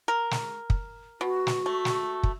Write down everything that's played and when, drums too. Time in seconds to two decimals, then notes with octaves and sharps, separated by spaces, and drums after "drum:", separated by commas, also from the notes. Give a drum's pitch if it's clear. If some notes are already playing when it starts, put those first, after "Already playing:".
0.08 A#4
0.31 drum: snare
0.70 drum: kick
1.21 B2 F#4
1.47 drum: snare
1.66 A3
1.85 drum: snare
2.23 drum: kick